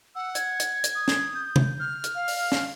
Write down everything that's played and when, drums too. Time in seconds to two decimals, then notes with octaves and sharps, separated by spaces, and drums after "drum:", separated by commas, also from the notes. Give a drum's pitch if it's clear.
0.15 F#5 E6
0.35 G#6, drum: hi-hat
0.60 drum: hi-hat
0.84 drum: hi-hat
0.95 D#6
1.08 drum: snare
1.35 G6
1.56 drum: tom
1.80 F6
2.04 drum: hi-hat
2.15 F5
2.28 drum: open hi-hat
2.52 drum: snare